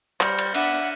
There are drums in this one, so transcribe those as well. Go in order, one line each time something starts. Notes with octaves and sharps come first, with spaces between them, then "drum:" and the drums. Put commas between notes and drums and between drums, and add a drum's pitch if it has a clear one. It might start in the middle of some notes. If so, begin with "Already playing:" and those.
G3 C5 F6 A#6 C#7, drum: clap
drum: cymbal
B3 D4 E5 F#5 B5 F#6 D#7 E7, drum: cymbal